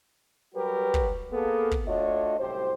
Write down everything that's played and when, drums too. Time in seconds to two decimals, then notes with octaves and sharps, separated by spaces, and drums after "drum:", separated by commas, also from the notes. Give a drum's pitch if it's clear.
0.55 F#3 G3 F#4 G4 A#4 B4
0.94 drum: kick
1.33 A#3 B3 G#4 A4
1.71 drum: kick
1.87 A3 D4 F4 F#4 C#5 D#5
2.39 C2 F#2 A2 G4 C5